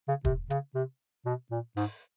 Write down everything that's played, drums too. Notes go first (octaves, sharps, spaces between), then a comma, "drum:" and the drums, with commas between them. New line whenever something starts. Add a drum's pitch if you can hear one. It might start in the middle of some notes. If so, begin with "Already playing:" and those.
C#3
C3, drum: kick
C#3, drum: hi-hat
C3
B2
A#2
G#2, drum: open hi-hat